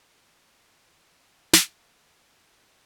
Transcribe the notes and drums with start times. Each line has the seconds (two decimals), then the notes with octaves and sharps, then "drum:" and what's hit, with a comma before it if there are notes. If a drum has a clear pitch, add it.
0.17 E3
1.14 F5
1.53 D3, drum: snare
2.19 F4